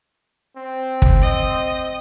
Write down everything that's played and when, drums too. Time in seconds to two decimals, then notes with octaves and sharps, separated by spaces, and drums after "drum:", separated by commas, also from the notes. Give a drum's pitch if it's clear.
0.57 C4
1.02 drum: kick
1.22 D#5